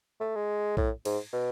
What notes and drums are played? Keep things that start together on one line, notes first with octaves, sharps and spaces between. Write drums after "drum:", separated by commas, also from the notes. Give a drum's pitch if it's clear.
A3
G#3
A2, drum: kick A#1
G#2, drum: cymbal
B2